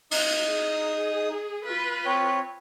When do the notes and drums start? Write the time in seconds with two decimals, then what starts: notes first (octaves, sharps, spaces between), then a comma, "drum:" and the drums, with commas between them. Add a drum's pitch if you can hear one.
0.11 D#4 D#6, drum: open hi-hat
0.49 G#4
1.65 F4 B4
2.05 C4 C#5